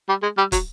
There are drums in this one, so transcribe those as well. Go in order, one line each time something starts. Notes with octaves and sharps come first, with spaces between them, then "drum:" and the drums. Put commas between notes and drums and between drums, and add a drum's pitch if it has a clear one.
G3
G#3
G3
F#3, drum: kick, hi-hat